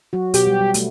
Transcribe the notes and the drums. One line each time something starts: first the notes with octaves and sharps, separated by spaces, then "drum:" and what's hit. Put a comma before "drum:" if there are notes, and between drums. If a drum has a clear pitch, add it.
F#3 F#4
B2 B3 G4, drum: hi-hat
G3
G3
A3, drum: hi-hat